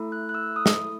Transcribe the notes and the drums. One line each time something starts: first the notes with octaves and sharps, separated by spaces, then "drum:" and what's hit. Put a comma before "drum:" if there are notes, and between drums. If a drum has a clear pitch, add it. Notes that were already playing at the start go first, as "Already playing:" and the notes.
Already playing: A3 E4 A4
F#6
F#6
E6
D#6
drum: snare